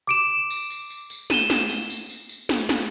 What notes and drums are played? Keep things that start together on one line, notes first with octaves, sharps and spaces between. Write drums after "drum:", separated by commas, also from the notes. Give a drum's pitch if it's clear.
D6 D7 E7
drum: tambourine
drum: tambourine
drum: tambourine
drum: tambourine
D#7 E7 G7, drum: snare
drum: snare
drum: tambourine
drum: tambourine
drum: tambourine
drum: tambourine
drum: snare
drum: snare